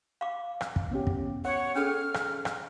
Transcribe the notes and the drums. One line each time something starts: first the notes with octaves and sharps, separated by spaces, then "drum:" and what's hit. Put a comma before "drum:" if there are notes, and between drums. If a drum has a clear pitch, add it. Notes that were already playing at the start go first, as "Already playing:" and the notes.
F5 D6
drum: rim click
drum: kick
B3 C#4 G4
drum: kick
C#5 F#5
C#4 G#4 A4 F6
drum: rim click
drum: rim click